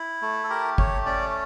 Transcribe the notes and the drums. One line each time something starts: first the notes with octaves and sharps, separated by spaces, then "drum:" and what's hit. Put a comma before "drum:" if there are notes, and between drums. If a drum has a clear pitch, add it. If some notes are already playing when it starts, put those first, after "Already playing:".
Already playing: E4
A3
A4
G4 A#4
A3 C#5, drum: kick
C#4 D5